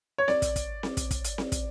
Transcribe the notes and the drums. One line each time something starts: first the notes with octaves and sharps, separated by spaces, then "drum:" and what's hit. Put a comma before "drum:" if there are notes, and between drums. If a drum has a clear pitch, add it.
C#5
D5, drum: snare C4
drum: kick, hi-hat
drum: kick, hi-hat
drum: snare C4
drum: kick, hi-hat
drum: kick, hi-hat
drum: hi-hat
drum: snare C4
drum: kick, hi-hat